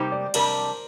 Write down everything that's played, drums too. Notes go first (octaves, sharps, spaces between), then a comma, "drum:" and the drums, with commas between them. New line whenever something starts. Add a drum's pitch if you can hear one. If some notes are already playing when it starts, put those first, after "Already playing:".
Already playing: C3 G3 A#3 D#4 G4 C5
D5
F2 C3 G3 D4 A#4, drum: cymbal